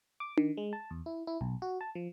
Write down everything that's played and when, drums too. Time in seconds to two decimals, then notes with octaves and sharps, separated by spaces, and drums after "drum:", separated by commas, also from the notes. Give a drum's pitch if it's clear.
0.20 D6
0.37 D#3, drum: tom D4
0.57 G#3
0.73 A5
0.91 E2
1.06 E4
1.27 E4
1.41 B1
1.62 F#4
1.81 A5
1.95 F3